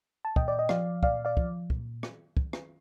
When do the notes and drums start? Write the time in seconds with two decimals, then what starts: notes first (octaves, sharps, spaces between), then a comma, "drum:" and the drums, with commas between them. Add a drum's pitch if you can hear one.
0.25 A5
0.36 A#2 D#5 G5, drum: kick
0.48 D5
0.59 D#5
0.69 F3 D5 F5, drum: rim click
1.03 A#2 D5 F5, drum: kick
1.25 D5 F5
1.37 F3, drum: kick
1.70 A#2, drum: kick
2.03 drum: rim click
2.37 drum: kick
2.53 drum: rim click